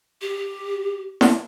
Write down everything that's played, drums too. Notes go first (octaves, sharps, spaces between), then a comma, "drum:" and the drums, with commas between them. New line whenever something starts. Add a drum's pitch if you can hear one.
G4
drum: snare E4